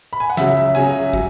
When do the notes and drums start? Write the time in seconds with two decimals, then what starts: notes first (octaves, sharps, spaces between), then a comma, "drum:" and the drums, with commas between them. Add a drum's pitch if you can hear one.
0.13 B5
0.20 G#5
0.30 F#5
0.37 C#2 C#3 F#3 E5, drum: snare
0.57 E5
0.75 C#2 C#3 F#3 G#5, drum: cymbal
1.13 F#3, drum: kick